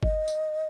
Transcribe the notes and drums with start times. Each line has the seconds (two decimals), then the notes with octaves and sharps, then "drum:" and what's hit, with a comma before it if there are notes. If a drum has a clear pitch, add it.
0.03 D#5, drum: kick G1
0.28 drum: tambourine